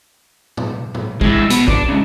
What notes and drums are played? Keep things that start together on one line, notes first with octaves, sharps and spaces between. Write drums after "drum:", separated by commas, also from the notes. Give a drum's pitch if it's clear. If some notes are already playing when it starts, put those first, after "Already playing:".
drum: tom A#2
drum: tom A#2
G#3 E4, drum: kick A#1
B2 B3, drum: hi-hat
D4, drum: kick A#1
G#2 C#3